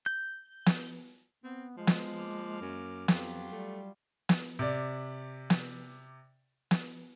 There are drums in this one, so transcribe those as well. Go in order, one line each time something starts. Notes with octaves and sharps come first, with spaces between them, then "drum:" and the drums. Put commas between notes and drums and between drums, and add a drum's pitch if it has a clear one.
G6
drum: snare
B3 C4
F3 G#3
drum: snare
A#3 D6 F6
F#2
F2 F#3 F4 G4, drum: snare
G3 A3
drum: snare
C3 D5
drum: snare
drum: snare